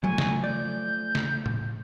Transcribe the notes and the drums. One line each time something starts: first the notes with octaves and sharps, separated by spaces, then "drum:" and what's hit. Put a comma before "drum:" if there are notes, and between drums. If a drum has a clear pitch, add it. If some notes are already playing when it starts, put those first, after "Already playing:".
F3 F#3 A3 G#5
drum: snare
D5 G6
drum: snare
drum: tom A2